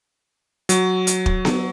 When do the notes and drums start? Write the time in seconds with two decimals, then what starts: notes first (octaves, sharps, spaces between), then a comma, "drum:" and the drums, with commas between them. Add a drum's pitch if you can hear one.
0.69 F#3, drum: hi-hat
1.07 drum: hi-hat
1.26 drum: kick
1.45 drum: snare B3